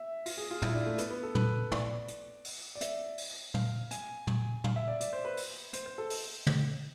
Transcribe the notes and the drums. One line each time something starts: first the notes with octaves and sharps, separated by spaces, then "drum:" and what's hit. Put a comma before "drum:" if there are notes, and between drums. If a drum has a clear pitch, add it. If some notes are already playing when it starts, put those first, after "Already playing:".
Already playing: E5
F4, drum: open hi-hat
G#4
F4
E4, drum: tom
D4
A3
B3, drum: hi-hat
B3
A4
B4, drum: tom
D5, drum: tom
drum: hi-hat
drum: open hi-hat
D5
E5, drum: hi-hat
drum: open hi-hat
F5, drum: tom
G#5, drum: hi-hat
G#5, drum: tom
F5, drum: tom
E5
D5
D5, drum: hi-hat
C5
B4
drum: open hi-hat
C5, drum: hi-hat
C5
A4
drum: open hi-hat
drum: tom